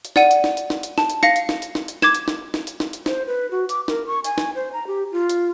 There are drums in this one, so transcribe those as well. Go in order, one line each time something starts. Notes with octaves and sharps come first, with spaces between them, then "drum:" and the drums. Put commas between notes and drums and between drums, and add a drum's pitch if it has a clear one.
drum: hi-hat
D5 F#5 D#7, drum: snare
drum: hi-hat
drum: snare
drum: hi-hat
drum: snare
drum: hi-hat
A5, drum: snare
drum: hi-hat
F5 A#6 C#7, drum: snare
drum: hi-hat
drum: snare
drum: hi-hat
drum: snare
drum: hi-hat
D6 G#6 E7, drum: snare
drum: hi-hat
drum: snare
drum: snare
drum: hi-hat
drum: snare
drum: hi-hat
C5, drum: snare
B4
F#4
D6, drum: hi-hat
A#4, drum: snare
C#6
G#5, drum: hi-hat
drum: snare
C5
A#5
G4
F4
drum: hi-hat